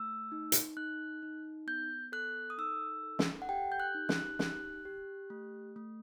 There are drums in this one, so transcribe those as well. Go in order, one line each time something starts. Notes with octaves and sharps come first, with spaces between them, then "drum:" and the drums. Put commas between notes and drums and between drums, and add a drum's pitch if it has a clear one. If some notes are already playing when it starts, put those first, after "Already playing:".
Already playing: A3 E6
D#4
drum: hi-hat
D#4 F#6
D#4
B3 G6
A4 F#6
D#6
D#4 E6
A4
drum: snare
F#5
G4 G5
G6
F#6
D#4
F#6, drum: snare
G4 F#6, drum: snare
G4
A3
A3